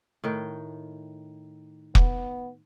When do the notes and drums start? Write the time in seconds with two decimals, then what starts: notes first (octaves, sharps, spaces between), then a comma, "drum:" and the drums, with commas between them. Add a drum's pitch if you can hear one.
0.24 A2 D#3 G5
1.95 B3, drum: kick